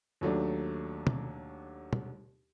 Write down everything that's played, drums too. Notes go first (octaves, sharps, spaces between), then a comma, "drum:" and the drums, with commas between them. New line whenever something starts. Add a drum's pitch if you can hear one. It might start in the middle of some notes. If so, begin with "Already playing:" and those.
D#2 F#3 A3 D4
drum: tom
drum: tom